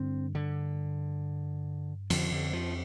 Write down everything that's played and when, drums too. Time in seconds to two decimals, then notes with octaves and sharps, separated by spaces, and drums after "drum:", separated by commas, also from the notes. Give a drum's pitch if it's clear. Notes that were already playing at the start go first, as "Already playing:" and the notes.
Already playing: G2 D3 C4
0.35 D3
2.10 F2 D3 F3, drum: cymbal
2.32 D3
2.53 F3